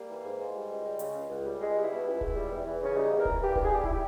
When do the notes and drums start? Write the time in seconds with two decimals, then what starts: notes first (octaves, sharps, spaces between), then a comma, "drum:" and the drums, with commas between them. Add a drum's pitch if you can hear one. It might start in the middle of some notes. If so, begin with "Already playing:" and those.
Already playing: G3 A#3
0.09 E3
0.24 G#2
0.40 G#2
0.54 G3
0.69 C#2 G#3
0.85 G3
0.99 C#3, drum: hi-hat
1.15 C#2
1.29 C#2
1.45 G3
1.61 C#2 G#3
1.76 G3
1.82 E4
1.91 B2
2.05 C#2
2.21 C#2, drum: kick D#1
2.35 G3
2.51 E2
2.65 E3
2.81 C#3 C#4
2.96 G3 D#4
3.11 E2
3.18 A#4
3.25 E3, drum: kick D#1
3.41 G2 G4
3.55 G2, drum: kick D#1
3.63 G#4
3.71 G3 G4
3.84 G3 E4, drum: kick D#1
3.93 G4